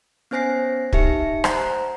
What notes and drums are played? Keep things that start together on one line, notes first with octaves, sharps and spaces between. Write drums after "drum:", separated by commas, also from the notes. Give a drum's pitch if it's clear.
B3 C#4 C5 G#5 A#6 C7
D#4 G4 E5 C#7, drum: kick
C5 F#5 A#5, drum: rim click